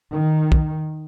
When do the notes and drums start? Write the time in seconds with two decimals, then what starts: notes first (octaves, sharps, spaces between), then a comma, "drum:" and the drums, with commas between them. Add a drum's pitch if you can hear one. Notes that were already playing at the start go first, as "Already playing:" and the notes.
0.11 D#3
0.52 drum: kick